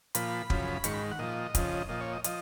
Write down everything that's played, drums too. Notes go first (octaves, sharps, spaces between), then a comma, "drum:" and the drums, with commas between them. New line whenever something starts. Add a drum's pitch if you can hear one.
A#2 F3 B5, drum: hi-hat
F#2 C#3 F3, drum: kick
G#2 D#3 C#6, drum: hi-hat
B5
F#5
A#2 F3 D#5
F2 C#3 F3, drum: kick, hi-hat
A#2 F3 D#5
C#5
D#5
F3 D#5, drum: hi-hat